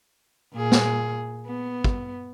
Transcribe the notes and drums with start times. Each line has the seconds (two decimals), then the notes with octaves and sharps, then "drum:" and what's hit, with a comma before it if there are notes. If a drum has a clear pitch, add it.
0.54 A#2 G#4
0.72 drum: snare
1.47 B3
1.84 drum: kick